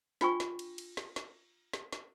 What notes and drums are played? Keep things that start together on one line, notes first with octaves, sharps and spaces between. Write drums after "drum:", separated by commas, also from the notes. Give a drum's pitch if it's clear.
D4 F4 G5 G#5 C#6, drum: snare
drum: snare
drum: cymbal
drum: cymbal
drum: snare
drum: snare
drum: snare
drum: snare